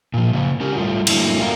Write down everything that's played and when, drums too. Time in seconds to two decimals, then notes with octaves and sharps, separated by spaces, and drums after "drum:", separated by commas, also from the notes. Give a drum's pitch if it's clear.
0.14 A#2 F3
0.33 C#3 A#3
0.60 C#4 G4 A#4
0.76 G3 A3 F4
1.07 D3 F#3 G3 A3 A#3 E4, drum: cymbal
1.39 A3 C4 F4 F#4 A#4 A#5